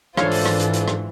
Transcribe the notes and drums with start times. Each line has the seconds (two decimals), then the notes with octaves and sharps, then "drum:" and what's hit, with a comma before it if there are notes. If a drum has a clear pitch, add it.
0.17 G#2 E3 D4 F4 A4 C5 C#5 F5, drum: rim click
0.31 drum: open hi-hat
0.45 drum: rim click
0.60 drum: hi-hat
0.74 drum: hi-hat
0.88 drum: rim click